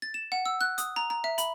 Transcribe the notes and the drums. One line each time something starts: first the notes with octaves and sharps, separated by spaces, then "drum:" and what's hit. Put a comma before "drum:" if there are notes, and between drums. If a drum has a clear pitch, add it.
A6
E7
F#5
E6
F#6
D#6, drum: hi-hat
A#5
A#5
E5
B5, drum: hi-hat